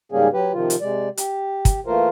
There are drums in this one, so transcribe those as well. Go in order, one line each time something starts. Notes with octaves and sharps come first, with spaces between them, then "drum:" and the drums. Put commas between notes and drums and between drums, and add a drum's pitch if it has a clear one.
G#2 C#3 G3 A#3 C#4 G#4
F#3 G4 B4
C3 D#3 F3 F4
drum: hi-hat
C3 G#3 D5
G4, drum: hi-hat
drum: kick, hi-hat
E3 A3 A#3 F4 A#4 C5